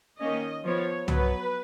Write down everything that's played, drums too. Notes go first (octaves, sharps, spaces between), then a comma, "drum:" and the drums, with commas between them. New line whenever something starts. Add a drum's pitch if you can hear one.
D#3 A#3 C#4 D#5
F3 B3 C#5
F#3 B3 B4, drum: tom